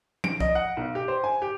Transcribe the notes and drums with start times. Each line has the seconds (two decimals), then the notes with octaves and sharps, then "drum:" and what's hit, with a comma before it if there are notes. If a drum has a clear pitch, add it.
0.24 D7, drum: tom F3
0.40 D#5, drum: kick B1
0.55 F#5
0.77 B1
0.95 G4
1.08 C5
1.24 G#5
1.42 G4